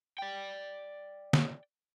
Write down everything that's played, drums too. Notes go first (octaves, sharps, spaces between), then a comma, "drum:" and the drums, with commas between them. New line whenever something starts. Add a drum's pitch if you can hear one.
D5 G5
drum: snare